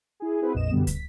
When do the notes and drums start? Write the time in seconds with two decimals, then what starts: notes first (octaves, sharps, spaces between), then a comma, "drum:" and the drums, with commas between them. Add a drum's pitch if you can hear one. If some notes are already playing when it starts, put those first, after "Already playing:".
0.20 E4 G#4
0.42 C4 E4 F#4 G#4 B4 C5
0.54 A#1 F2 D#5 E7
0.71 F#2 B2 D3 G3 B3
0.87 B6, drum: kick, hi-hat